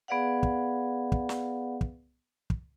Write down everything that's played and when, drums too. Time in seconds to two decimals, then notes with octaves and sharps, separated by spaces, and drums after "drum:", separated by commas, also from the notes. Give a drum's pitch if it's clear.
0.08 B3 G#4 B4 D5 F5 F#5
0.43 drum: kick
1.12 drum: kick
1.29 drum: snare
1.81 drum: kick
2.50 drum: kick